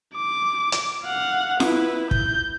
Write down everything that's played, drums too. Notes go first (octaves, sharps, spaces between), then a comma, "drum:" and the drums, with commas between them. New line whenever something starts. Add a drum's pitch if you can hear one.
D6
drum: hi-hat
F5 F#5
E4 B4, drum: snare
G6, drum: kick